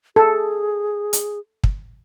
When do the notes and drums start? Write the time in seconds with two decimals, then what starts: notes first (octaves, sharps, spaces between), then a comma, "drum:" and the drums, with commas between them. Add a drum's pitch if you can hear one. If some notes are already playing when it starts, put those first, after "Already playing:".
0.16 G#4 A4
1.13 drum: hi-hat
1.64 drum: kick